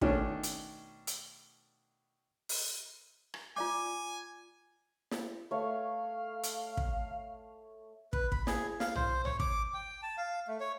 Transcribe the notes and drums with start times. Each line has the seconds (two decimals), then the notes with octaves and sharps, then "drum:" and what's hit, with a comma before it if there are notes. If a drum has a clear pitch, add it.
0.01 B2 D#3 A3 C#4 D4, drum: kick
0.43 drum: hi-hat
1.07 drum: hi-hat
2.49 drum: open hi-hat
3.34 drum: rim click
3.56 F4 D5 G#5 D6
5.11 drum: snare
5.51 A3 C#5 F5
6.43 drum: hi-hat
6.77 drum: kick
8.13 B4, drum: kick
8.32 B5, drum: kick
8.47 G#4, drum: snare
8.80 F5, drum: snare
8.95 C5, drum: tom
9.25 C#5, drum: tom
9.40 D6, drum: kick
9.74 G5
10.02 A5
10.18 F5
10.48 A3
10.60 C#5